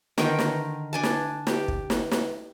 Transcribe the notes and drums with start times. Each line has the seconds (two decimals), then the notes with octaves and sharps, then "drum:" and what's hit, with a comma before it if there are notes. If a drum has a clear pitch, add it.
0.18 D3 D#3 A#4 G5, drum: snare
0.39 drum: snare
0.93 D4 G#5 A5
1.03 drum: snare
1.47 G4, drum: snare
1.68 drum: kick
1.90 drum: snare
2.11 drum: snare